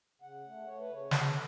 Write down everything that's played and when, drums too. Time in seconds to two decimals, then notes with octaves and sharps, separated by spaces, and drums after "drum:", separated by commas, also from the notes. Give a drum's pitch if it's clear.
0.21 C#3 F#5
0.44 A3
0.67 A3 C#5
0.80 B4
0.89 C#3 C#5
1.11 C#3 A4, drum: snare